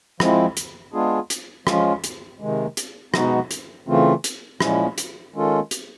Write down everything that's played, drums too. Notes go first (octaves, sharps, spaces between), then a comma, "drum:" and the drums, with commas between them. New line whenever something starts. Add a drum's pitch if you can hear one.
F3 G#3 C4 E4, drum: rim click
drum: hi-hat
G#3 B3 D4 F4 G#4
drum: hi-hat
F3 G#3 C#4 F4, drum: rim click
drum: hi-hat
C3 D#3 G#3
drum: hi-hat
B2 G#3 B3 D#4 F#4, drum: rim click
drum: hi-hat
C#3 E3 A3 C4 F4
drum: hi-hat
A#2 F3 G#3 C#4 E4, drum: rim click
drum: hi-hat
D#3 G#3 C#4 F4 A4
drum: hi-hat